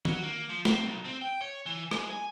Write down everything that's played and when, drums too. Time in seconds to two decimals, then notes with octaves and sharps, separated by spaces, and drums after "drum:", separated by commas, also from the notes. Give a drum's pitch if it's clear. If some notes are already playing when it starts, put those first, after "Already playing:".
0.05 F#3, drum: tom D#3
0.23 A#3
0.50 F3
0.65 C4, drum: snare
0.85 B1
1.05 C4
1.22 G5
1.42 C#5
1.66 E3
1.91 G#3, drum: rim click
2.11 G#5